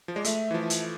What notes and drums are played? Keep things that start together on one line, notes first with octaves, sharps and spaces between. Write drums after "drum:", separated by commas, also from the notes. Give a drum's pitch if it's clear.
F3
G#3 D5
A3 E5, drum: hi-hat
E3
F3
drum: hi-hat